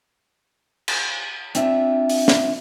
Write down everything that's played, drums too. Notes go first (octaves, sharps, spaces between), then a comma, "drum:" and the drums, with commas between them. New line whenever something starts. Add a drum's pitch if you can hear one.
drum: cymbal
C4 D4 F4 E5, drum: hi-hat
drum: open hi-hat
drum: snare